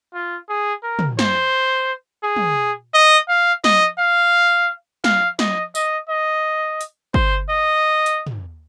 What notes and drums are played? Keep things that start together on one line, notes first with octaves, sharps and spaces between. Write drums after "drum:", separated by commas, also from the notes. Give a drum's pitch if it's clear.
F4
G#4
A#4
drum: tom
C5, drum: snare
G#4
drum: tom
D#5
F5
D#5, drum: snare
F5
F5, drum: snare
D#5, drum: snare
D#5, drum: tambourine
D#5
drum: hi-hat
C5, drum: kick
D#5
drum: hi-hat
drum: tom